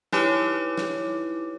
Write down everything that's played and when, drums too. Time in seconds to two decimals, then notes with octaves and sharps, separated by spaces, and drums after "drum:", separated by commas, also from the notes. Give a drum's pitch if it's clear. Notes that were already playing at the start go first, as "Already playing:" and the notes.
0.12 D#4 E4 G4 B4 C#5 D6, drum: snare
0.77 drum: snare